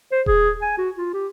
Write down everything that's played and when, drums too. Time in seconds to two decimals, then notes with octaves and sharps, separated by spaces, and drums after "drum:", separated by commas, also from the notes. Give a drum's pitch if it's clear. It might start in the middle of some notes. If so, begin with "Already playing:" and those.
0.12 C5
0.26 G#4, drum: kick D#1
0.62 G#5
0.78 F#4
0.97 F4
1.13 G4